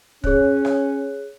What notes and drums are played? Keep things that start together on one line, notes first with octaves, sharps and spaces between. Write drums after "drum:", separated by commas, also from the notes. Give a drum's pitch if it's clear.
C#4 G#4 C#5 F#6, drum: kick
drum: rim click